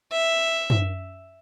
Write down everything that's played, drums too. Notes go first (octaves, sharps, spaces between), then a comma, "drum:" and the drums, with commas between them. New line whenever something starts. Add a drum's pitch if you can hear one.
E5
drum: tom F#2